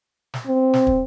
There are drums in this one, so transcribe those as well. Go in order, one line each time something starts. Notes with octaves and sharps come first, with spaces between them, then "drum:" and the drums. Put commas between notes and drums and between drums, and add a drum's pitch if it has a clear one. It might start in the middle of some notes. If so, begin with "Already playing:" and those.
drum: snare
C4
drum: snare
drum: kick